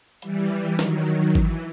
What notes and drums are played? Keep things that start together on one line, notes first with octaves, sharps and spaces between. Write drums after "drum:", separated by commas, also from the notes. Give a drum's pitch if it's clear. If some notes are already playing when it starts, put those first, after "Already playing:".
E3 G3, drum: hi-hat
D#3 F#3, drum: snare
E3, drum: kick G#1